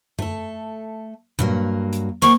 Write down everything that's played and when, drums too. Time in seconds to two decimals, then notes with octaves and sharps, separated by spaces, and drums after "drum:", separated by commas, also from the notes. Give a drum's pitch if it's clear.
0.19 A3 A4, drum: tom F#2
1.39 G2 F#3 A#3, drum: tom A#2
1.93 drum: hi-hat
2.22 A#3 C5 G5 C#6